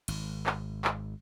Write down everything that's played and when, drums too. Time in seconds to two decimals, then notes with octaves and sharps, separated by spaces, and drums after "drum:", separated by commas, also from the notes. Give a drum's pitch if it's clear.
0.08 G#1, drum: cymbal
0.46 drum: clap
0.85 drum: clap